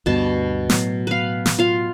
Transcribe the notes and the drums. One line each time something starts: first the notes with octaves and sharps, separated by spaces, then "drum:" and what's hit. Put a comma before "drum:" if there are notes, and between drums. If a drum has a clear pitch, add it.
D2 G2 B2 A5
A2 F#3 B3, drum: snare
B4 F5
drum: snare
F4 F5